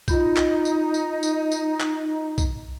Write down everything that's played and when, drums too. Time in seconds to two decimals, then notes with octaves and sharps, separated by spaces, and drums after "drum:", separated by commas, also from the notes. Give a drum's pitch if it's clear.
0.08 D#4 F4 B5 G6, drum: kick B1, tambourine
0.37 drum: clap
0.65 drum: tambourine
0.94 drum: tambourine
1.23 drum: tambourine
1.52 drum: tambourine
1.80 drum: clap
2.38 drum: kick B1, tambourine